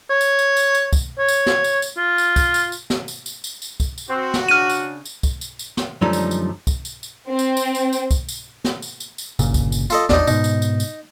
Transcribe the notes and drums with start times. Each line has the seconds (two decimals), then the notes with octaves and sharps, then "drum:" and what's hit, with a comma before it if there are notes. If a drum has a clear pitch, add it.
0.10 C#5
0.21 drum: tambourine
0.39 drum: tambourine
0.57 drum: tambourine
0.75 drum: tambourine
0.93 drum: kick C2, tambourine
1.19 C#5
1.28 drum: tambourine
1.46 drum: snare
1.64 drum: tambourine
1.82 drum: tambourine
1.97 F4
2.18 drum: tambourine
2.36 drum: kick C2, tambourine
2.54 drum: tambourine
2.72 drum: tambourine
2.90 drum: snare
3.08 drum: tambourine
3.26 drum: tambourine
3.44 drum: tambourine
3.62 drum: tambourine
3.80 drum: kick C2, tambourine
3.98 drum: tambourine
4.09 C4 F#4
4.34 drum: snare
4.48 C#3 D4 F6 D#7
4.70 drum: tambourine
5.05 drum: tambourine
5.23 drum: kick C2, tambourine
5.41 drum: tambourine
5.59 drum: tambourine
5.77 drum: snare
6.01 F#2 D3 F3 G3 A3 D#4
6.13 drum: tambourine
6.31 drum: tambourine
6.67 drum: kick C2, tambourine
6.85 drum: tambourine
7.03 drum: tambourine
7.29 C4
7.39 drum: tambourine
7.57 drum: tambourine
7.75 drum: tambourine
7.93 drum: tambourine
8.11 drum: kick C2, tambourine
8.29 drum: tambourine
8.64 drum: snare
8.82 drum: tambourine
9.00 drum: tambourine
9.18 drum: tambourine
9.39 G1 A#2 C#3, drum: tambourine
9.54 drum: kick C2, tambourine
9.72 drum: tambourine
9.90 F4 A4 D#5, drum: tambourine
10.09 A#1 E2 D4 D#4, drum: snare
10.27 G#2 B2 D#4, drum: tambourine
10.44 drum: tambourine
10.62 drum: tambourine
10.80 drum: tambourine